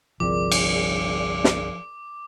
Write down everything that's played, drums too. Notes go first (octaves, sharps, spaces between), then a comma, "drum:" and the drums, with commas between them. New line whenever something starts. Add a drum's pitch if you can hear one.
G1 C2 C3 F3 G#4 A#4 D5 D6
drum: cymbal
drum: snare